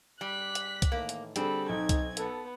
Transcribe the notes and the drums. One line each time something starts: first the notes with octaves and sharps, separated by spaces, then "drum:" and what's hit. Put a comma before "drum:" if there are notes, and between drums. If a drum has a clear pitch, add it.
G3 F#6 B6
drum: hi-hat
drum: kick C2, hi-hat
A2 D#3 E3 A#3
drum: hi-hat
D3 G3 C4 D4 G#4 A4 B5, drum: hi-hat
B1 D#4 G#6
drum: kick C2, hi-hat
B3 A4, drum: hi-hat